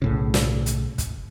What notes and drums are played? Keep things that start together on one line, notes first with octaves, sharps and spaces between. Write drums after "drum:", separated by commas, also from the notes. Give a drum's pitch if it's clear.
B1 A2 C#3
drum: snare
drum: hi-hat
drum: kick, hi-hat